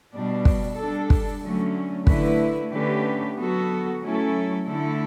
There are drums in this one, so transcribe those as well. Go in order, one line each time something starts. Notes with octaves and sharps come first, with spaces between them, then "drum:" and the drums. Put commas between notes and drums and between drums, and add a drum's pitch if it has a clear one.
B2 G3 D4
drum: kick
G3 D4 A4
drum: kick
D3 F#3 A3 C#4
D3 A3 E4 B4, drum: kick
D3 A3 C#4 G4 B4
F#3 B3 F#4 A4
F#3 A3 C#4 E4 A4
D3 A3 E4 A4